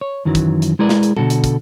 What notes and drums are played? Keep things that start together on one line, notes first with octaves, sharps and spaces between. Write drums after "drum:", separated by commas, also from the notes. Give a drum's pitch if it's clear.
C#5
F#2 D#3 E3 F#3
drum: kick, hi-hat
drum: hi-hat
G#3 E4 G#4 A#4 B4 D5
drum: snare
drum: hi-hat
B2 D3 F#4 A4, drum: tom G3
drum: hi-hat
drum: kick, hi-hat